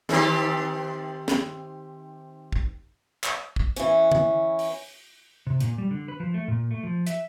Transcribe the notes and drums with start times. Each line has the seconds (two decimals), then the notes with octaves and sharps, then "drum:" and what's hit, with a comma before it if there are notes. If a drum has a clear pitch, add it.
0.09 D#3 C4 G4, drum: snare
1.28 drum: snare
2.52 drum: kick
3.24 drum: clap
3.56 drum: kick
3.76 E3 C#4, drum: hi-hat
4.12 drum: tom D3
4.59 drum: open hi-hat
5.47 C3
5.60 A#2, drum: hi-hat
5.78 G3
5.91 D3
6.08 B4
6.20 F3
6.34 A3
6.48 A#2
6.71 A3
6.83 F3
7.07 E5, drum: hi-hat